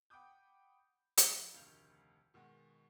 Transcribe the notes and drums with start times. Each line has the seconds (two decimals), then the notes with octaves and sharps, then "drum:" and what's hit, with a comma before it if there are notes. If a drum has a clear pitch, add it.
0.10 F#5 G5 B5 D6 D#6 G6
1.17 F2 F5, drum: hi-hat
1.53 F1 D2 D#3 F5 G6 F7
2.34 B2 D#3 G#3 F#4